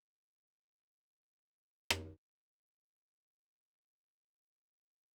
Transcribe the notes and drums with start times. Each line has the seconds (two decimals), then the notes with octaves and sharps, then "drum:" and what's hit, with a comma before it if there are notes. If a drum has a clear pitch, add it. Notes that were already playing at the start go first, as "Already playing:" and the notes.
0.17 C#4 F4 C5 C#5
0.54 C3 D#3 F3 F#3 C4 D4
0.74 D#4 G#4 A#4 C5 D5 E5
1.03 A3 E4 C#5
1.44 F#4 G#4 C5 D5 E5 F5
1.90 drum: rim click
3.70 G5
4.13 D#5 G#6
4.45 D#5